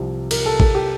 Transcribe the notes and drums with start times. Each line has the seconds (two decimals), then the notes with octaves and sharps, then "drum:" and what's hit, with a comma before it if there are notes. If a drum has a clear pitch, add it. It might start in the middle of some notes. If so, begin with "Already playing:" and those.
Already playing: C2 C3 F3
0.31 A#4, drum: cymbal
0.46 A4
0.60 A4, drum: kick A1
0.75 G4